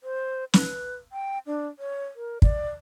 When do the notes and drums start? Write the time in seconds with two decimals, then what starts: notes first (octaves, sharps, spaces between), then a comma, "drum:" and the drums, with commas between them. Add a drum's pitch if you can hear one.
0.03 C5
0.54 B4, drum: snare
1.12 G5
1.47 D4
1.79 C#5
2.16 A#4
2.42 D5, drum: kick